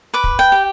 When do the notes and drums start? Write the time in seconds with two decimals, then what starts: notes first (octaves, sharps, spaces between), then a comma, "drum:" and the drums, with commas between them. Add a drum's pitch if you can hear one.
0.14 B4 D6
0.24 drum: kick
0.39 G5
0.52 G4